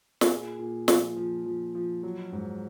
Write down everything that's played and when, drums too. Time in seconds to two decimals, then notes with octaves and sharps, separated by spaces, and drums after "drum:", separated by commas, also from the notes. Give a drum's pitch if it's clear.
0.21 A#4, drum: snare
0.30 A#2 G#4
0.59 A#2
0.88 F3, drum: snare
1.16 F3
1.46 F3
1.75 F3
2.03 F#3
2.32 G#2